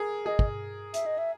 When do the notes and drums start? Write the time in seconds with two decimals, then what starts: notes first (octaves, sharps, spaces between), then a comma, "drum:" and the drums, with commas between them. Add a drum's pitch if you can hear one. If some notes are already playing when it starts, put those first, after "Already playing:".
Already playing: G#4 A#4
0.26 G#4 D#5
0.39 drum: kick
0.94 E5, drum: hi-hat
1.06 D#5
1.18 E5